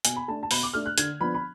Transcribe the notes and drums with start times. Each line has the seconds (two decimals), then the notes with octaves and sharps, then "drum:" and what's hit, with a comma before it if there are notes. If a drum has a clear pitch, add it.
0.05 B2 G#5, drum: hi-hat
0.16 B5
0.28 A3 D4 A5
0.43 A5
0.51 B2 B5, drum: open hi-hat
0.63 D6
0.73 A3 D4 F6
0.86 F#6
0.98 D3 G#6, drum: hi-hat
1.21 F3 B3 D4 B5
1.34 B5